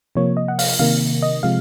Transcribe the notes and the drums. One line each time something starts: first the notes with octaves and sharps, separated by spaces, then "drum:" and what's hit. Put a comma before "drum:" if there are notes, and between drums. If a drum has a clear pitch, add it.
C3 F3 A#3 C#5
D#5
F#5
F5, drum: open hi-hat
C3 D#3 A#3 F5
D#5
C3 F3 G#3 F5